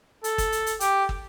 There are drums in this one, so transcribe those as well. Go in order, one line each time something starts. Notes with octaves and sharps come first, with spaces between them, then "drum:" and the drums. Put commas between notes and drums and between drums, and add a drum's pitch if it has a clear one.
A4, drum: hi-hat
drum: kick, hi-hat
drum: hi-hat
drum: hi-hat
G4, drum: hi-hat
drum: kick